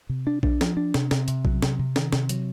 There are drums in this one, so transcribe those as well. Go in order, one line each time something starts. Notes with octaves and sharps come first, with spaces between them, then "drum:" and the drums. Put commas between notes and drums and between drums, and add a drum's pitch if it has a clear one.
C3
D4
D4, drum: kick B1
F3, drum: snare
D4
C3, drum: snare
C3, drum: snare
C3, drum: hi-hat
F#3, drum: kick B1
C3, drum: snare
C3
D#3, drum: snare
C3, drum: snare
F#3, drum: hi-hat